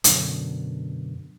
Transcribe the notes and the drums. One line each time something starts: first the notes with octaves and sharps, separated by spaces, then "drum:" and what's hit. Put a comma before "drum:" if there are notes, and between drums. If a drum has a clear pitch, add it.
F#2 B2 D3, drum: hi-hat